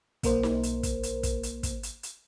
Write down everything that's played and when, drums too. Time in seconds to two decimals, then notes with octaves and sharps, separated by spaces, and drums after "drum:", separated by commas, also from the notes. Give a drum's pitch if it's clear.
0.23 B1 A#3 A#4 C5, drum: kick, hi-hat
0.43 drum: snare D#4
0.63 drum: hi-hat
0.83 drum: kick, hi-hat
1.03 drum: hi-hat
1.23 drum: kick, hi-hat
1.43 drum: hi-hat
1.63 drum: kick, hi-hat
1.83 drum: hi-hat
2.03 drum: hi-hat